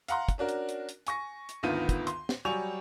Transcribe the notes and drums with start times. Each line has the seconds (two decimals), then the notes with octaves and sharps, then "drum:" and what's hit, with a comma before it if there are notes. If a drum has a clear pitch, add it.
0.08 F5 F#5 A#5 C6, drum: hi-hat
0.29 drum: kick, hi-hat
0.38 C#4 D4 F#4 A#4
0.49 drum: hi-hat
0.69 drum: hi-hat
0.89 drum: hi-hat
1.07 G#5 C#6 A#6, drum: hi-hat
1.49 drum: hi-hat
1.63 G#1 D2 D#3 B3 F4 D#7
1.89 drum: kick, hi-hat
2.07 C6, drum: hi-hat
2.29 drum: snare
2.45 F#3 G3 G#5 C#6 F7